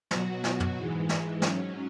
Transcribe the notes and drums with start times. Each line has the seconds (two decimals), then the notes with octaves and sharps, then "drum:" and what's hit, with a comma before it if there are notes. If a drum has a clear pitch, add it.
0.11 B2 F#3 F#4, drum: snare
0.44 drum: snare
0.60 drum: tom
0.77 G#2 E3 G#3
1.09 drum: snare
1.42 G#2 F#3 C#4, drum: snare